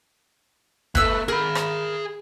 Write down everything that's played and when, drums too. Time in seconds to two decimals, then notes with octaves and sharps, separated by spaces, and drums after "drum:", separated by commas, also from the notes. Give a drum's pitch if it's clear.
0.95 A#3 A4 B4 E6, drum: kick
1.28 G#4 A#4 B5
1.55 drum: rim click